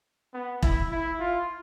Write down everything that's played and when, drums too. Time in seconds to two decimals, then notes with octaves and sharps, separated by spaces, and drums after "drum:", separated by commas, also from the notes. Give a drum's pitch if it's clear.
0.34 B3
0.62 E4, drum: kick E1
0.91 E4
1.20 F4